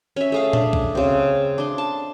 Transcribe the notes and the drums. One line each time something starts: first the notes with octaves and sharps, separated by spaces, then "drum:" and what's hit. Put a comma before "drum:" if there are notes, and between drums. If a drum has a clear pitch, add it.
C#4 E5
A3 G#4 F5
D4, drum: tom A#2
drum: kick B1
C#3 C4
D4 C6
A5